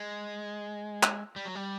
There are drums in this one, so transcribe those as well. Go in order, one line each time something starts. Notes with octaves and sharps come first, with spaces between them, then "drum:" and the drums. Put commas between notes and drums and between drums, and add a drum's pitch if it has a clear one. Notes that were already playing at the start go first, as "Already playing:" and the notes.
Already playing: G#3
drum: clap
G3
F#3
G3